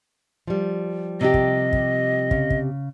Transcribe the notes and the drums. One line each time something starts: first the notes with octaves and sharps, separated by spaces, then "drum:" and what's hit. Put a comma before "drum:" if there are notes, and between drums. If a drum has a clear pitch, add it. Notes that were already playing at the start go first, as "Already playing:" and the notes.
F3 G3
C3 G4 D#5
drum: kick
drum: kick
C#3, drum: kick
drum: kick